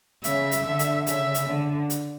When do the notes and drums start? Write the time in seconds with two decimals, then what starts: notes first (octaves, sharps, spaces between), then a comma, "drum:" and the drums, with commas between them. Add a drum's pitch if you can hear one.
0.24 C#3 E5, drum: hi-hat
0.51 drum: hi-hat
0.65 D3
0.79 drum: hi-hat
1.07 C#3 E5, drum: hi-hat
1.34 drum: hi-hat
1.48 D3
1.90 drum: hi-hat